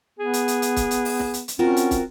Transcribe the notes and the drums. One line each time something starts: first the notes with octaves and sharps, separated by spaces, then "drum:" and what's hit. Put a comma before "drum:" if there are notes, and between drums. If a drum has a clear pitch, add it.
B3 G#4
drum: hi-hat
drum: hi-hat
drum: hi-hat
drum: kick, hi-hat
drum: hi-hat
drum: open hi-hat
drum: snare
drum: hi-hat
drum: hi-hat
C4 C#4 F4 F#4 A#4
drum: hi-hat
drum: kick, hi-hat